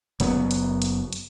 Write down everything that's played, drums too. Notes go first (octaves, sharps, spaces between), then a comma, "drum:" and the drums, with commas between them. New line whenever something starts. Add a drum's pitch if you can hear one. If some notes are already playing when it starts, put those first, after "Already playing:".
F#1 F#3 B3, drum: hi-hat
drum: hi-hat
drum: hi-hat
drum: hi-hat